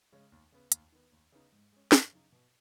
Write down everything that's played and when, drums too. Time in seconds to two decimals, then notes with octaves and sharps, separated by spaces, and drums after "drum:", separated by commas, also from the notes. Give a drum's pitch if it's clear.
0.12 C#3 G#3 C#4
0.32 D#2
0.52 C#3 B3
0.72 D#2, drum: hi-hat
0.92 D#3 B3
1.12 D#2
1.32 C#3 B3 D#4
1.52 G#2
1.72 G#3 C#4
1.92 F#2, drum: snare
2.12 C#3 F#3 D#4
2.32 B2